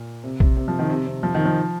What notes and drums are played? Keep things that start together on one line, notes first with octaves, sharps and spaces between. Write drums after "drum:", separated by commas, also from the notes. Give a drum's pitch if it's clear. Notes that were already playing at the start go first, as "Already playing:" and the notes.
Already playing: A#2
C3
C3, drum: kick
C3
F3
D#3
C3
C3
F3
D#3
F3